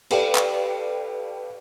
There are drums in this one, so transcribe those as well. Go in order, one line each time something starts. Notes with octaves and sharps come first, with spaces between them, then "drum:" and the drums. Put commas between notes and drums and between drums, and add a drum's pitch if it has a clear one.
G4 A4 B4 D5 F5 G5, drum: cymbal
drum: clap